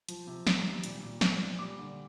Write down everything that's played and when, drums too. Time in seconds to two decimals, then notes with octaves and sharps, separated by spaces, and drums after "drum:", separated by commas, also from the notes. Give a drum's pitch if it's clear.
0.09 F3, drum: hi-hat
0.27 C3
0.47 D#3, drum: snare
0.65 G3
0.84 A#2, drum: hi-hat
1.03 A#2
1.21 C4, drum: snare
1.40 A#2
1.58 G3 D6
1.78 D3